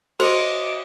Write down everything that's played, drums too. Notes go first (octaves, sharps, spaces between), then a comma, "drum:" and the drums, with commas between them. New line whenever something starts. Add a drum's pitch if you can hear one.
F#4 C5 D#5 D6, drum: cymbal